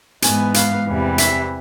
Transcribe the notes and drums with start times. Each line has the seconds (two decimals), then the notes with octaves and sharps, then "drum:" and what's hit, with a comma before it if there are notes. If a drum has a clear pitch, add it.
0.22 G#2 E3 G#3 B3 G#5, drum: hi-hat
0.54 F5, drum: hi-hat
0.86 E2 C3 E3 G3
1.18 E5, drum: hi-hat